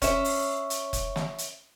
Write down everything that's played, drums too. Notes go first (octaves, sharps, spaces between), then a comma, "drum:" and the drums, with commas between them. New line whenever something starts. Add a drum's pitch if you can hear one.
C#4 E5, drum: kick F1, hi-hat
drum: open hi-hat
drum: hi-hat
drum: kick F1, hi-hat
drum: snare
drum: hi-hat